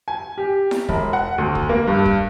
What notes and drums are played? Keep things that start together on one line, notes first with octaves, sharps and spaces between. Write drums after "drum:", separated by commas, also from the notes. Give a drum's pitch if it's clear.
G#5
G4
drum: snare E4
E1, drum: kick
F#5
D2
drum: kick
A#3
G2
drum: kick